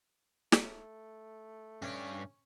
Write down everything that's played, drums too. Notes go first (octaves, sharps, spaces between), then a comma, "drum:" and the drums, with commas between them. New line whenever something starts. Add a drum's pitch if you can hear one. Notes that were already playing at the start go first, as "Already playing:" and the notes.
A3, drum: snare
G2 C#4 D5